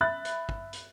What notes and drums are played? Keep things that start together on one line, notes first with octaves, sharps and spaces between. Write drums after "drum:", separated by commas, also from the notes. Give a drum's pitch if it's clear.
E5 B5 F#6 A6
drum: hi-hat
drum: kick
drum: hi-hat